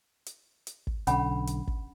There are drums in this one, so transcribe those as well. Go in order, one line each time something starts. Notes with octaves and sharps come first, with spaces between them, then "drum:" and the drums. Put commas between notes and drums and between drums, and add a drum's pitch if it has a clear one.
drum: hi-hat
drum: hi-hat
drum: kick
B1 D3 C#4 F#5 B5, drum: hi-hat
drum: hi-hat
drum: kick